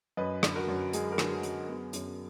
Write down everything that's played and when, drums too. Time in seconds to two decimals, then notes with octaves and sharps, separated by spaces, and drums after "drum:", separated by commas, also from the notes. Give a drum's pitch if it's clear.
0.17 F#2 B4 D#5
0.43 D3, drum: rim click
0.55 F#4 A#4
0.68 F#2
0.93 G#3 G#4, drum: hi-hat
1.12 F#4 A#4
1.18 D3, drum: rim click
1.31 G#4
1.43 F#2, drum: hi-hat
1.49 F#4
1.68 B3 G#4
1.93 F#2 G#4, drum: hi-hat